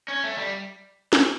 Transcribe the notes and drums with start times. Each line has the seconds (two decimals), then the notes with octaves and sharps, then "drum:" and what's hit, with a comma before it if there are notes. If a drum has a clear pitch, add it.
0.08 C#4
0.24 A3
0.38 G3
1.13 drum: snare